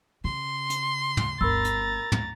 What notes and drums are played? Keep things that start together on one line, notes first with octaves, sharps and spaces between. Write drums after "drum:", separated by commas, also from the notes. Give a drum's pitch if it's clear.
C#3 C6
drum: hi-hat
drum: tom
G1 D2 A#4 A#5 B5 E6 A6
drum: hi-hat
drum: tom